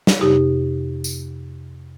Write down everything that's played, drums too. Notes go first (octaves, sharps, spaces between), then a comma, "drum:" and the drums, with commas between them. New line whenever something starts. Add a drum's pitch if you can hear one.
drum: snare
F2 C3 D#4 G4
drum: tambourine